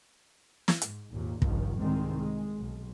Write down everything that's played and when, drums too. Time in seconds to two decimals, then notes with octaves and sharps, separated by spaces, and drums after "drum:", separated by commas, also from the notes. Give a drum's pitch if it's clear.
0.68 drum: snare
0.82 G#2, drum: hi-hat
1.12 G#1 D#2 A#2
1.42 C#2 G2 D#3 F3, drum: kick
1.77 C2 G#2 D#3 G#3 C4
2.17 G#3
2.57 B1